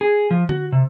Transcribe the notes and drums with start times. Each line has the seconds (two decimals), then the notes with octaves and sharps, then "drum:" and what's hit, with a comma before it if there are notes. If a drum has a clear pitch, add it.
0.01 G#4
0.31 F3
0.49 F#4, drum: tom D3
0.72 C3